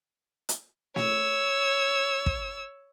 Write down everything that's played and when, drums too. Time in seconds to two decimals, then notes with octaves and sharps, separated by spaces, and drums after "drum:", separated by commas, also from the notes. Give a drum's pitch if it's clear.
0.49 drum: hi-hat
0.96 C#5 E6, drum: snare
2.26 drum: kick